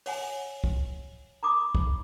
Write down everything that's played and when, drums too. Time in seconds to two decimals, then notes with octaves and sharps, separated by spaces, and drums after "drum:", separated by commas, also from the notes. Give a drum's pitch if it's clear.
0.06 C#5 F#5 G#5, drum: open hi-hat
0.64 drum: kick
1.43 A#5 B5 D6 D#6
1.75 drum: kick